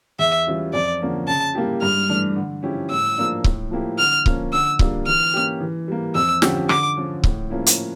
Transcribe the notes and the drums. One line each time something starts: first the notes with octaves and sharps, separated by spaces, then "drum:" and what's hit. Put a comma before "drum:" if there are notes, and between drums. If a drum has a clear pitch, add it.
E2 E5
E3 G3 C#4 F4
F2 D5
D3 F3 A#3 C#4
C#3 A5
G3 A#3 E4 G4
G2 F6
E3 A3 D4
D3
F3 C#4 E4 G4
A2 E6
F3 A#3 D4
A2, drum: kick C#1
F3 A#3 E4 G4
D3 F6
F3 A#3 C#4, drum: kick C#1
D3 E6
G3 A#3 D4 F4, drum: kick C#1
E3 F6
A#3 C#4 G4
E3
G3 A#3
F2 E6
D3 F3 C#4 G4, drum: snare
D3 D6, drum: rim click
F3 C#4
A2, drum: kick C#1
F3 A#3 C#4 E4
drum: hi-hat